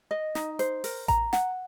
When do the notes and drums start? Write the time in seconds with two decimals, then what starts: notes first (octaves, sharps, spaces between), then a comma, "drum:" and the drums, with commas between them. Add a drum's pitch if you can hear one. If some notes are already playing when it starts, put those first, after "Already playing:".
0.11 D#5
0.35 D#4, drum: snare
0.59 C5, drum: hi-hat
0.84 A#4, drum: open hi-hat
1.08 A#5, drum: kick A1, hi-hat
1.33 F#5, drum: snare